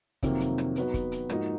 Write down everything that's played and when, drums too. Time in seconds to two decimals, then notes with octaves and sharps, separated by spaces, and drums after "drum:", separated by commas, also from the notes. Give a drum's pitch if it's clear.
0.23 F2 C3 D#3 F#3 A#3, drum: kick, hi-hat
0.40 drum: hi-hat
0.58 drum: rim click
0.76 F#3 B3 D#4 F#4 B4, drum: hi-hat
0.94 drum: kick, hi-hat
1.12 drum: hi-hat
1.29 G#2 F3 A#3 D#4 F#4, drum: rim click